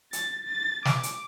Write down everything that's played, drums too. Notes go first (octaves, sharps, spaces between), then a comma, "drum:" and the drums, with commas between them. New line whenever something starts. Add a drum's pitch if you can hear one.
A6, drum: hi-hat
A6
D6, drum: snare
drum: hi-hat